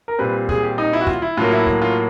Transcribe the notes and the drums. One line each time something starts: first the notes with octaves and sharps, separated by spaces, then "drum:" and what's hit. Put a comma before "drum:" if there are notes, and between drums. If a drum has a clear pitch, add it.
A#4
A#2 G3 C4 B4
G#4, drum: kick
G4
D#4
E4
F#4
F4, drum: kick
E4
A2 F#3 A#3 F4
E4
drum: kick
F4